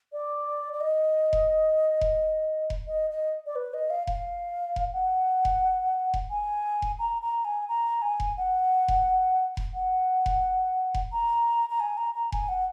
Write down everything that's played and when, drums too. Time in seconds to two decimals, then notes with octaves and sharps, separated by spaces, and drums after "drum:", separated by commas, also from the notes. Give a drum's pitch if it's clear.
0.13 D5
0.73 D5
0.81 D#5
1.33 drum: kick F1
2.01 drum: kick F1
2.70 drum: kick F1
2.87 D#5
3.10 D#5
3.46 D5
3.56 B4
3.74 D#5
3.90 F5
4.07 F5, drum: kick F1
4.76 drum: kick F1
4.93 F#5
5.45 drum: kick F1
6.14 drum: kick F1
6.30 G#5
6.82 drum: kick F1
6.99 A#5
7.22 A#5
7.45 G#5
7.69 A#5
8.02 G#5
8.20 drum: kick F1
8.37 F#5
8.88 drum: kick F1
9.57 drum: kick F1
9.74 F#5
10.26 drum: kick F1
10.94 drum: kick F1
11.12 A#5
11.70 A#5
11.80 G#5
11.97 A#5
12.15 A#5
12.32 G#5, drum: kick F1
12.49 F#5